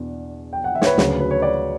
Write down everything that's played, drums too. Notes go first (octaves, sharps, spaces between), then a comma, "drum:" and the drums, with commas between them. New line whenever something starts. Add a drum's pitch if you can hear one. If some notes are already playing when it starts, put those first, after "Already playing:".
Already playing: E2 B2 D4 D5
G5
F#5
E5
C#5, drum: snare
B4
D2 C#3 F#3 C#5, drum: snare
B4
B4
C#5
D5